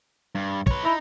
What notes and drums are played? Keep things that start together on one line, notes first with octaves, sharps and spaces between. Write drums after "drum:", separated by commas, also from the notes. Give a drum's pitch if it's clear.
G2
B4 C#5, drum: kick
D#4 E4